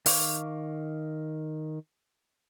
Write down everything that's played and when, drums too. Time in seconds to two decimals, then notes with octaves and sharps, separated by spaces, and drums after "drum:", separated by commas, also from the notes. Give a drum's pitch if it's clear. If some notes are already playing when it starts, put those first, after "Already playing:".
0.06 D#3 F5 C#6 D6, drum: open hi-hat